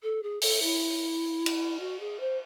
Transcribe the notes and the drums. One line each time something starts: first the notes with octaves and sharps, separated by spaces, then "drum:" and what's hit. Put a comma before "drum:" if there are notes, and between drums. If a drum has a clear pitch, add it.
A4
G#4
A4, drum: open hi-hat
E4
drum: cymbal
F#4
G#4
C5